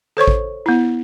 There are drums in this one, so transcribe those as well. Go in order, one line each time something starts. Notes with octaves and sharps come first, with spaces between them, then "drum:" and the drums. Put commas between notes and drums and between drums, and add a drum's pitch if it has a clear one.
A4 C5 C#5 C#6
drum: kick A1
B3 E4